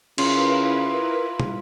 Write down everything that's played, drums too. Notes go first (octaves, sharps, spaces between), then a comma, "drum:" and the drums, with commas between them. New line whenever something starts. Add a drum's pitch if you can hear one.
C#3 E4 F4 A#4 B4, drum: cymbal
drum: tom